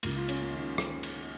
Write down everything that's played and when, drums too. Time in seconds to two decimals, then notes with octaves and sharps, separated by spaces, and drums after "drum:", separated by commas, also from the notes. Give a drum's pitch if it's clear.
0.03 C#2 C#3 G#3 A#3, drum: cymbal
0.16 F4
0.29 C#4, drum: cymbal
0.41 A#3
0.54 D#3 G#3
0.78 drum: rim click
1.03 drum: cymbal